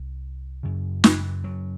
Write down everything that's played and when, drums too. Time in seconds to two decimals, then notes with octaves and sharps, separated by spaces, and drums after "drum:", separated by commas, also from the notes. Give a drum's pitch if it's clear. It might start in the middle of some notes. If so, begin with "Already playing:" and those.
Already playing: C2
0.63 F#2 C#3
1.04 drum: snare
1.44 F#3